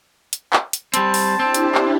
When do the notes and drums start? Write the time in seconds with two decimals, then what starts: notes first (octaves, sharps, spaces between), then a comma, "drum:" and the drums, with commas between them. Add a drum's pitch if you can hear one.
0.33 drum: hi-hat
0.53 drum: clap
0.73 drum: hi-hat
0.94 G3 C4 A5, drum: hi-hat
1.14 drum: open hi-hat
1.40 C4 D4 E4 G4
1.54 drum: hi-hat
1.75 drum: clap